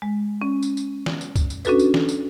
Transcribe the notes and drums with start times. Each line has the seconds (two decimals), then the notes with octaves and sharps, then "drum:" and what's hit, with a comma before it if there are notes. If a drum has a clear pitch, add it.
0.02 G#3
0.42 C#4
0.62 drum: tambourine
0.77 drum: tambourine
1.06 drum: snare
1.21 drum: tambourine
1.36 drum: kick, tambourine
1.50 drum: tambourine
1.65 C#4 D4 F#4 A4 B4, drum: tambourine
1.79 drum: tambourine
1.94 drum: snare
2.09 drum: tambourine